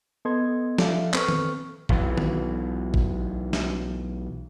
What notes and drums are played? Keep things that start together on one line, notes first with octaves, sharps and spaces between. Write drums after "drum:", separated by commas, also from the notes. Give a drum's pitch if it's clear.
B3 A4 D#5 C6 G#6
F3 A4 D5 E5 F5, drum: snare
C4 A4 B4 C#6 F6, drum: clap
drum: tom D#3
B1 E3, drum: kick G#1
drum: tom D#3
drum: kick G#1
drum: snare